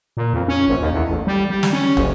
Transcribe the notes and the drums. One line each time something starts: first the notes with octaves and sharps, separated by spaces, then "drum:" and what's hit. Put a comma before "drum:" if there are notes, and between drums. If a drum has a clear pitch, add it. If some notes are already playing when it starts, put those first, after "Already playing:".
A#2
F2
C#4
A#1
D#2
E2
A1
G3
G3
drum: snare
C#4
F#1, drum: tom